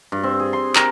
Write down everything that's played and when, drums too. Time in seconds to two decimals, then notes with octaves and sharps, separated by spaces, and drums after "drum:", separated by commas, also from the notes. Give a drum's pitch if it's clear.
0.12 G2
0.23 C4
0.39 G#4
0.53 C6
0.76 A#4, drum: clap